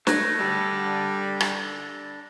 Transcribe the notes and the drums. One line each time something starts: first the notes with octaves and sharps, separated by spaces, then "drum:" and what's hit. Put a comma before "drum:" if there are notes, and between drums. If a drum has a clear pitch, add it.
A3 F#6 G#6 A#6, drum: snare
G3 D4 A4
drum: rim click